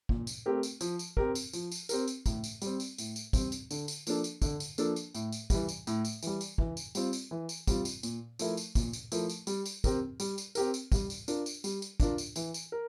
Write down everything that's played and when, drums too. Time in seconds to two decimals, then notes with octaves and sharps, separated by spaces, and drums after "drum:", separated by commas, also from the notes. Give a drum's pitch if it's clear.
0.09 A#2, drum: kick
0.27 drum: tambourine
0.46 A3 C4 G4 A#4
0.63 drum: tambourine
0.81 F3, drum: tambourine
0.99 drum: tambourine
1.17 C4 G4 A#4, drum: kick
1.35 drum: tambourine
1.53 F3, drum: tambourine
1.71 drum: tambourine
1.89 C4 G4 A#4, drum: tambourine
2.08 drum: tambourine
2.26 A2, drum: kick, tambourine
2.44 drum: tambourine
2.62 G3 C4, drum: tambourine
2.80 drum: tambourine
2.98 A2, drum: tambourine
3.16 drum: tambourine
3.33 G3 C4, drum: kick, tambourine
3.52 drum: tambourine
3.71 D3, drum: tambourine
3.88 drum: tambourine
4.07 F3 A#3 D4 A4, drum: tambourine
4.24 drum: tambourine
4.42 D3, drum: kick, tambourine
4.60 drum: tambourine
4.78 F3 A#3 D4 A4, drum: tambourine
4.96 drum: tambourine
5.14 A2, drum: tambourine
5.32 drum: tambourine
5.50 E3 G3, drum: kick, tambourine
5.69 drum: tambourine
5.87 A2, drum: tambourine
6.05 drum: tambourine
6.23 E3 G3, drum: tambourine
6.41 drum: tambourine
6.58 E3, drum: kick
6.77 drum: tambourine
6.95 G3 C4 F4, drum: tambourine
7.13 drum: tambourine
7.31 E3
7.49 drum: tambourine
7.67 G3 C4 F4, drum: kick, tambourine
7.85 drum: tambourine
8.03 A#2, drum: tambourine
8.39 F3 A3 E4 A#4, drum: tambourine
8.57 drum: tambourine
8.75 A#2, drum: kick, tambourine
8.93 drum: tambourine
9.12 F3 A3 E4 A#4, drum: tambourine
9.29 drum: tambourine
9.47 G3, drum: tambourine
9.66 drum: tambourine
9.84 C4 G4 A#4, drum: kick, tambourine
10.20 G3, drum: tambourine
10.38 drum: tambourine
10.55 C4 G4 A#4, drum: tambourine
10.74 drum: tambourine
10.92 G3, drum: kick, tambourine
11.10 drum: tambourine
11.28 D4 F4 A#4, drum: tambourine
11.46 drum: tambourine
11.64 G3, drum: tambourine
11.82 drum: tambourine
12.00 D4 F4 A#4, drum: kick, tambourine
12.18 drum: tambourine
12.36 E3, drum: tambourine
12.54 drum: tambourine
12.72 A#4